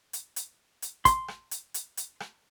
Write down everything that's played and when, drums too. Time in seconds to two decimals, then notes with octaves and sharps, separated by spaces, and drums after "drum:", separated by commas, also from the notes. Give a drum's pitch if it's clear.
0.13 drum: hi-hat
0.36 drum: hi-hat
0.82 drum: hi-hat
1.05 C6, drum: kick, hi-hat
1.28 drum: rim click
1.51 drum: hi-hat
1.74 drum: hi-hat
1.97 drum: hi-hat
2.20 drum: rim click